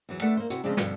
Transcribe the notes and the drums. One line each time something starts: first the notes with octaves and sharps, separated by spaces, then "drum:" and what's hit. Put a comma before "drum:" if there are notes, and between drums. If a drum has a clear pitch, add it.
E2 E3 F#3
A3 B3 D4 A4 E5 F#5
A#3 C5
C3 E4 F#4, drum: hi-hat
C#3 F3 G#3 C4 D4
G2 B2 D3 F3 G3 C4, drum: snare